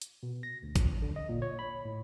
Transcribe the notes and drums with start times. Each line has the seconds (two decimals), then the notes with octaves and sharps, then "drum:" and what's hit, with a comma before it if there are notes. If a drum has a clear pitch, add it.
0.02 drum: hi-hat
0.23 B2
0.43 A#6
0.63 D2
0.76 F#2, drum: kick A1, hi-hat
1.02 D3
1.16 D#5
1.29 A#2
1.42 C#5
1.59 B5
1.85 A2